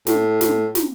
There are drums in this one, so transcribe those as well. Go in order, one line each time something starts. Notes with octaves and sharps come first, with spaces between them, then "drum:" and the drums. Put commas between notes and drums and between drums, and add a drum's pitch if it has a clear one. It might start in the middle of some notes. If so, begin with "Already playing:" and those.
A2, drum: snare
drum: snare
drum: snare